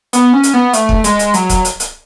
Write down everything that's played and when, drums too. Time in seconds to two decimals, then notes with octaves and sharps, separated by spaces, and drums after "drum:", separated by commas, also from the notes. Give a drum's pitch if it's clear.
0.13 B3, drum: hi-hat
0.33 C#4
0.43 drum: hi-hat
0.54 B3
0.73 A3, drum: hi-hat
0.89 drum: kick
1.04 G#3, drum: hi-hat
1.19 drum: hi-hat
1.34 F#3, drum: hi-hat
1.49 drum: kick, hi-hat
1.65 drum: hi-hat
1.80 drum: hi-hat